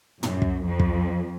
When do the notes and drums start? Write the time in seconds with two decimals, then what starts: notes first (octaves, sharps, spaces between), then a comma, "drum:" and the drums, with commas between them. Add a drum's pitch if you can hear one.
0.23 F#2, drum: tom
0.42 drum: kick
0.67 F2
0.80 drum: kick